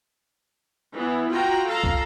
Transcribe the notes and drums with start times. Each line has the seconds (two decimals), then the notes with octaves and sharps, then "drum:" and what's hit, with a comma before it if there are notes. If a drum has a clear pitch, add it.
0.94 E3 B3 E4
1.30 F4 F#4 G5 A#5
1.67 A4 F5 A#5
1.83 drum: kick